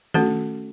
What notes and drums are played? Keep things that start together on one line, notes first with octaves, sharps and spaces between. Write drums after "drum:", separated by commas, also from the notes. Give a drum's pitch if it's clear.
A3 C#4 F#4 A4, drum: tom D#3